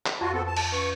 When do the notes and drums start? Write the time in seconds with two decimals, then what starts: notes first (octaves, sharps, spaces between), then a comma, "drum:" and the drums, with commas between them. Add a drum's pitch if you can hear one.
0.06 drum: clap
0.21 F2 F4 F#4
0.32 B3 C4 A4
0.47 A5
0.57 drum: cymbal
0.72 C#4 B4 C#6